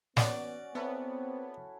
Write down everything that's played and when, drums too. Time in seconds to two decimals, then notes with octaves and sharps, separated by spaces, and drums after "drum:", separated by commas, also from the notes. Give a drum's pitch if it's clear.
0.17 B3 C#4 F#4 D5, drum: snare
0.75 B3 C4 E4 A4 C#5